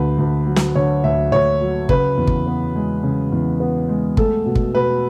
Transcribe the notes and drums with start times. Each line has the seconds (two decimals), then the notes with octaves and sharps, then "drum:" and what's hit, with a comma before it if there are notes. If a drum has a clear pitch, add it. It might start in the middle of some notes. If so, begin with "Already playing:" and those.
Already playing: D2 D3 B4
0.18 D2
0.46 F#3
0.56 drum: snare
0.75 D3 C#5
1.04 D2 E5
1.32 D2 C#5
1.61 F#3
1.89 C#3 B4, drum: kick
2.17 E2
2.27 drum: kick
2.47 B3
2.75 G#3
3.04 C#3
3.32 E2
3.60 B3
3.89 G#3
4.17 A3 A4, drum: kick
4.46 B2
4.55 drum: kick
4.74 B2 B4